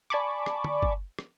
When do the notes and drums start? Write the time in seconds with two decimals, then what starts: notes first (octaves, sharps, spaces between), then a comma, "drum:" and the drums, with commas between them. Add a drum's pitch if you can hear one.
0.10 D5 G#5 A5 B5 C#6 D6
0.46 drum: rim click
0.64 drum: tom
0.82 drum: kick
1.19 drum: rim click